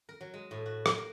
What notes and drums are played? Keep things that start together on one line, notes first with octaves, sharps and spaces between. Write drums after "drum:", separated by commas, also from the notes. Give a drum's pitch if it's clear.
A#4
F#3
G#3
A2
F#4
A#3, drum: rim click
A#4